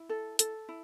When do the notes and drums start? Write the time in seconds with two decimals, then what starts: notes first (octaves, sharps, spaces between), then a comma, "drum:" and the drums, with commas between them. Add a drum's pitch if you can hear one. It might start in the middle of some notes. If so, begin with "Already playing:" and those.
Already playing: E4
0.09 A4
0.39 A4, drum: hi-hat
0.69 E4